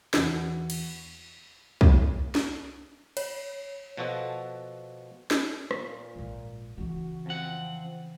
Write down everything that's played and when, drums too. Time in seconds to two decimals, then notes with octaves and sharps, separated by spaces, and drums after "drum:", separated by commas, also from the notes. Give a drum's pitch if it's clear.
0.14 E2 F#4, drum: snare
0.70 drum: cymbal
1.81 drum: kick B1
2.35 drum: snare
3.17 C#5, drum: cymbal
3.97 B2 F3 F#4 A4
5.31 drum: snare
5.71 A#2, drum: rim click
6.15 A#1 G#2
6.78 C#3 E3 F#4
7.26 F2 C4 F#5